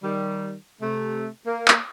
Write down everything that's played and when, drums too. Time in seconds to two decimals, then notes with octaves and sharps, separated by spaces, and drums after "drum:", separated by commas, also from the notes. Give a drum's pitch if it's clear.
0.03 D#3 G3
0.81 C3 A3
1.46 A#3
1.68 drum: clap